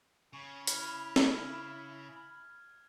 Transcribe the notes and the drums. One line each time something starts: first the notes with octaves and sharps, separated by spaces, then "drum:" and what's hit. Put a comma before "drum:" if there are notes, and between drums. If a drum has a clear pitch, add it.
C#3 G#5 C#6
E4 B5 F6 G#6, drum: hi-hat
drum: snare